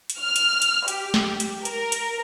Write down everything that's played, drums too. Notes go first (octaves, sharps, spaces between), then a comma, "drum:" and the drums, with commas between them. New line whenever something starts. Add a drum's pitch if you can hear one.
drum: hi-hat
F6
drum: hi-hat
drum: hi-hat
G4, drum: hi-hat
drum: snare
drum: hi-hat
A#4, drum: hi-hat
drum: hi-hat